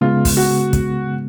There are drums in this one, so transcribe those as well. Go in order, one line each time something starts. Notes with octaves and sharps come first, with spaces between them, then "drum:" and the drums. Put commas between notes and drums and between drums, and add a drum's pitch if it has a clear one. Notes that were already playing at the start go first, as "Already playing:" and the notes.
C#3 G#3 B3 F4
drum: kick, open hi-hat
F#4
drum: kick, hi-hat